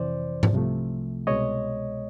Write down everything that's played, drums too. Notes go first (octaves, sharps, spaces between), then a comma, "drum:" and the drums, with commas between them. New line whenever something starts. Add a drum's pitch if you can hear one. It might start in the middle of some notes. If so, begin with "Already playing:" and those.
Already playing: F2 C3 E3 C5 D5
drum: tom G#2
C2 C3 F3 A3
C2 B2 G#3 C#5 D#5